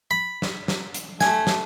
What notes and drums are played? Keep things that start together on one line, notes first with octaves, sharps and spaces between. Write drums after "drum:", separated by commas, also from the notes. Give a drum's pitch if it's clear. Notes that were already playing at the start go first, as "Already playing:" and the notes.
B5
drum: snare
drum: snare
drum: hi-hat
A3 G#5, drum: snare
drum: snare